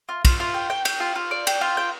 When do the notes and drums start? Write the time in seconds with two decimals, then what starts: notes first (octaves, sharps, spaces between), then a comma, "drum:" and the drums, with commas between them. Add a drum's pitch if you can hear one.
0.09 F4
0.25 F4, drum: kick, cymbal
0.40 F4
0.54 G5
0.70 G5
0.85 G5, drum: cymbal
1.00 F4
1.16 F4
1.31 D5
1.47 G5, drum: cymbal
1.61 F4
1.77 G5